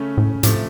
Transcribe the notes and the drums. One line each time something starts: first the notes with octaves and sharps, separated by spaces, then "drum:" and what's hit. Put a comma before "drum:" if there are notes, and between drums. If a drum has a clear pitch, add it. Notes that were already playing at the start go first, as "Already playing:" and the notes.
Already playing: C#3 A3 C#4
A2
A2 C3 F3 A3, drum: hi-hat